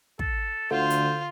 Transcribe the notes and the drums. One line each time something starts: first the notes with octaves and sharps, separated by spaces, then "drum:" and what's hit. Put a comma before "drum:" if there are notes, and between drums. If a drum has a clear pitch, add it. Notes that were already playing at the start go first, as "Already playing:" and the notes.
A4, drum: kick
D2 D3 F4 C5
drum: hi-hat